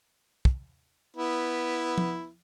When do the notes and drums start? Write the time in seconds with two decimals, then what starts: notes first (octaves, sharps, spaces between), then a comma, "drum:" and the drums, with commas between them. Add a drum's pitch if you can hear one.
0.45 drum: kick
1.16 B3 E4
1.98 drum: tom F3